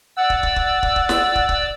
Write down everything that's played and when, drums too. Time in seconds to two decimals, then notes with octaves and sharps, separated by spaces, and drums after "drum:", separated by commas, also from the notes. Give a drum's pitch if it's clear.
0.17 D5 F#5 E6
0.30 drum: kick
0.43 drum: kick
0.56 drum: kick
0.83 drum: kick
0.96 drum: kick
1.09 drum: snare
1.35 drum: kick
1.49 drum: kick